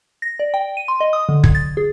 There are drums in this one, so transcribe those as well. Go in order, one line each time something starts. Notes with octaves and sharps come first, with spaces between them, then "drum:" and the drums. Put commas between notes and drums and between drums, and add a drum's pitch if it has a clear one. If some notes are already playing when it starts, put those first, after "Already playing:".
A#6
D5
G5
D#7
C6
D#5
D#6
D3
G#6, drum: kick
A6
G#4